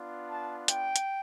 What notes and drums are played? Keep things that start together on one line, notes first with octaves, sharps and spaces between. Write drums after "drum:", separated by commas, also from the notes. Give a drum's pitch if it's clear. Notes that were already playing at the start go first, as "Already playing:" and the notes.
Already playing: B3 D4 F4
A5
G5, drum: hi-hat
drum: hi-hat